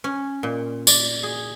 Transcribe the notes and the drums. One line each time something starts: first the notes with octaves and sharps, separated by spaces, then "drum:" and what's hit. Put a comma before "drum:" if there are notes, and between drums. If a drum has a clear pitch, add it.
C#4
A#2
D5, drum: tambourine
G#4